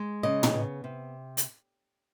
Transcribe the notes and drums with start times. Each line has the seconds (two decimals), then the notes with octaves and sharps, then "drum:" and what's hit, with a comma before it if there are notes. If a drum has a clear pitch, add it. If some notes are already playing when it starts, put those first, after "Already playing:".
Already playing: G#3
0.23 C#3 D#5
0.43 drum: tom
0.54 B3
0.84 C3
1.37 drum: hi-hat